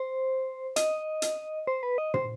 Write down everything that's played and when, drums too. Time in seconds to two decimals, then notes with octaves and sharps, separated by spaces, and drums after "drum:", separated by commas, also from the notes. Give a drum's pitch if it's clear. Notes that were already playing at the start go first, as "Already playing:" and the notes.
Already playing: C5
0.76 D#5, drum: hi-hat
1.22 drum: hi-hat
1.67 C5
1.83 B4
1.98 D#5
2.14 C5, drum: tom